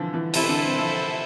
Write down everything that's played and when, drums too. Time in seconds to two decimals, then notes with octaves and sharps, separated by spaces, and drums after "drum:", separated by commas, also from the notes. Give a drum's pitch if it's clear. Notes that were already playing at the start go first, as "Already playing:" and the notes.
Already playing: D3 E3 F3
0.14 E3
0.34 C3 E4 A4 C5 E5, drum: cymbal
0.44 E3
0.49 D3
0.64 C4
0.79 F3